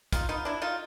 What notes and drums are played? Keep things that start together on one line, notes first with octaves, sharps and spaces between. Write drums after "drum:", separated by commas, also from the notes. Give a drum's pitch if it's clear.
D3 D#4 F4, drum: kick, hi-hat
B3 D#4 F4
F#3 D4 E4
D3 D#4 F4